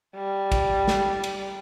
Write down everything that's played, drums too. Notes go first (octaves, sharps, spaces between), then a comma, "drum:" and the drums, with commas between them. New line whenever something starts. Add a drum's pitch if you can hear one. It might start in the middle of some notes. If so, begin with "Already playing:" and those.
G3
drum: kick, cymbal
drum: snare
drum: cymbal